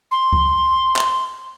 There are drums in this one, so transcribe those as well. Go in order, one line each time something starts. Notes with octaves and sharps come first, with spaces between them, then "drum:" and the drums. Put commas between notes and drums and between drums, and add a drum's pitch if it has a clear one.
C6
drum: kick C#2
drum: clap